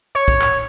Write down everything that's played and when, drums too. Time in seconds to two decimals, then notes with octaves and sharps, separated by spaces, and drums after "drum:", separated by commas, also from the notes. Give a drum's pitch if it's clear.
0.15 C#5
0.28 drum: kick
0.41 drum: clap